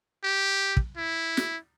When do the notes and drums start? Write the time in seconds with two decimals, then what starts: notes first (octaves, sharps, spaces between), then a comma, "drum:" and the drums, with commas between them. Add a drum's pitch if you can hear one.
0.24 G4
0.77 drum: kick
0.97 E4
1.37 drum: snare